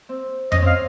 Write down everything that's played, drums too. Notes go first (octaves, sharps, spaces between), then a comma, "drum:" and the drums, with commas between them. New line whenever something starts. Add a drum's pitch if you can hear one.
C4
C#4 D#5, drum: tom F2
C4 F5